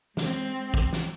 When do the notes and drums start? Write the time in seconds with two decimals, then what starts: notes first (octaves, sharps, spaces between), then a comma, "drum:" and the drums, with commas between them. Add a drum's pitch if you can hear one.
0.17 G#3 C4, drum: snare
0.74 drum: kick
0.93 drum: snare